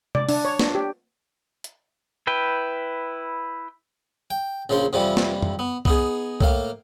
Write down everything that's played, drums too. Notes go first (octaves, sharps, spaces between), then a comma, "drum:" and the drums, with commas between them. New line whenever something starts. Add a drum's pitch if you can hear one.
D5, drum: tom C3
D4, drum: open hi-hat
C#5
D4, drum: snare
G4
drum: hi-hat
E4 B4 G5
G5
A#1 C#3 F3 C5 C6
F2 C3 E3 F3 G3
drum: snare
drum: tom F#2
B3
B3 D#4 G#4, drum: kick
A2 A#3 F5, drum: kick